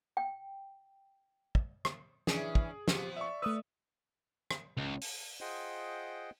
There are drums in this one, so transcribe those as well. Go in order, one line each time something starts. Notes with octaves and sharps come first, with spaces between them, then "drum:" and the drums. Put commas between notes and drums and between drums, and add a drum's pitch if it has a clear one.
G5
drum: kick
drum: rim click
E3 C#4 D4 G#4 D7, drum: snare
drum: kick
F3 B3 C4 G4, drum: snare
D5 E5 C#6
A3 B4 D#6 E6
drum: rim click
C#2
drum: open hi-hat
F4 G#4 C5 D#5 F#5 G5